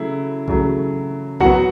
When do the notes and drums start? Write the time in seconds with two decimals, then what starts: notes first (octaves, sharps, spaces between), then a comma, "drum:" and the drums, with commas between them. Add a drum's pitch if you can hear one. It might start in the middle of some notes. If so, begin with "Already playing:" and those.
Already playing: C#3 F#3 A3 E4
0.48 C#3 F#3 A3, drum: kick A#1
1.40 A2 F#3 B3 F#4 F#5, drum: kick A#1